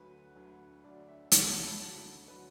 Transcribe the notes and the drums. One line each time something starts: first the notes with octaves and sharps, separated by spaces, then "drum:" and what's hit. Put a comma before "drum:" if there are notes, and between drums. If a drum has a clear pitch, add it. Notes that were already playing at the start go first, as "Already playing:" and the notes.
Already playing: D2 D3 F#3 B4
D2 D3 F#3
D2 D3 F#3 D5
E5
D2 D3 F#3 F#5, drum: hi-hat
A5
B5
D2 D3 F#3 A5
D3 F#3 B4